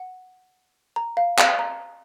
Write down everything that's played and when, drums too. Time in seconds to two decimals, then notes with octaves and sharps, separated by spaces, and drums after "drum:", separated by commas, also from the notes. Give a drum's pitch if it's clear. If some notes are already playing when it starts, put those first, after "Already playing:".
Already playing: F#5
0.96 A#5
1.17 F5
1.39 F5, drum: clap
1.59 A#5